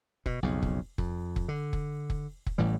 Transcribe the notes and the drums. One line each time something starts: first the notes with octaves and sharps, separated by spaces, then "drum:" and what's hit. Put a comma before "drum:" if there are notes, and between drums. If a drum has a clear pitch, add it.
B2, drum: kick F1
B1 F2 C#3
drum: kick F1
F2, drum: kick F1
drum: kick F1
D3
drum: kick F1
drum: kick F1
drum: kick F1
A1 A2 E3 G3